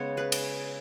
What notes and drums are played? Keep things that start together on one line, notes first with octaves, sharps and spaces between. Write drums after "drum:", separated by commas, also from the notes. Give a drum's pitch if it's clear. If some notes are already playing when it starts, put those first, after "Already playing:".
Already playing: C#3 G#3 B3 C#5
G#4 B4
drum: cymbal